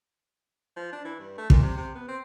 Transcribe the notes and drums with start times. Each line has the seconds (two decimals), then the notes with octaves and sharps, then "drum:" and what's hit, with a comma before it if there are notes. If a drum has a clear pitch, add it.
0.77 F3
0.93 D4
1.05 E3
1.20 G2
1.38 A3
1.50 A#2, drum: kick
1.62 C3
1.77 C3
1.95 B3
2.09 C4